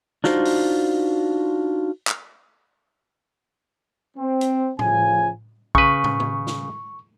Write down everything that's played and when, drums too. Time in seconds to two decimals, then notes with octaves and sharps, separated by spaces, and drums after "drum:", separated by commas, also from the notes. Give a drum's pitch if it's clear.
0.24 D4 D#4 F4 F#4 C5, drum: snare
0.45 drum: open hi-hat
2.07 drum: clap
4.17 C4
4.41 drum: hi-hat
4.79 A1 C#3 F3 G#5, drum: tom A2
5.75 C#3 B4 C#6, drum: kick A#1
6.04 drum: tom
6.20 drum: tom
6.47 drum: snare